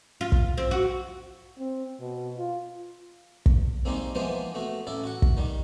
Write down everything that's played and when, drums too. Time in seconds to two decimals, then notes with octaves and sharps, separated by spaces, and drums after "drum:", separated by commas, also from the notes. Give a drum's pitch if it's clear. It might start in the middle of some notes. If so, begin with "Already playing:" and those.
0.21 F4
0.32 drum: kick
0.58 C4
0.71 F#4
1.59 C4
2.00 B2
2.38 F4
3.46 drum: kick
3.85 D#3 G3 G#3 A#3 C4
4.15 E3 F3 G#3 A#3 B3 C5
4.54 A3 B3 F#4
4.87 A1 E4 A4 D5
5.04 F#4 F#5
5.22 drum: kick
5.37 D#3 G3